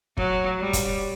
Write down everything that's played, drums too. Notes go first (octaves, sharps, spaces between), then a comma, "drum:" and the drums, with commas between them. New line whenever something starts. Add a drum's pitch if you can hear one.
F#3, drum: kick
G3
drum: kick, hi-hat